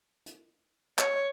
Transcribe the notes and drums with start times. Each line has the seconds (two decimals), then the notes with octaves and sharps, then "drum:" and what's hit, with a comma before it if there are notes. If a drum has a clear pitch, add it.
0.26 drum: hi-hat
0.99 C#5, drum: clap